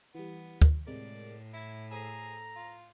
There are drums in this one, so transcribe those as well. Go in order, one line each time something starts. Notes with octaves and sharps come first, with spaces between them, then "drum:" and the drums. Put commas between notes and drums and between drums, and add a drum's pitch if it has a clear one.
E3 G3 B3
drum: kick
A2 C3 G#3 A#4 D5
E4 A#5 G#6
G#4 A4 C5 A#5 E6
F4